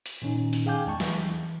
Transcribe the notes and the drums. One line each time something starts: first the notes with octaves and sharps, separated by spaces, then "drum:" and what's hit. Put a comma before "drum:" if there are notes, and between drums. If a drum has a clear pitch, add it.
drum: hi-hat
A#2 D#3 C#4 D#4
drum: hi-hat
G#4 F5 G5 G#5 D6 G6
E2 G#3 A5 C#6
E3, drum: snare